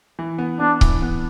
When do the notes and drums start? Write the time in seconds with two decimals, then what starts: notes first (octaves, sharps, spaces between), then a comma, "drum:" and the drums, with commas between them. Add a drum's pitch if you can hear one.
0.19 E3
0.38 B3
0.60 B3 D4
0.81 E3, drum: kick C#1
1.02 B3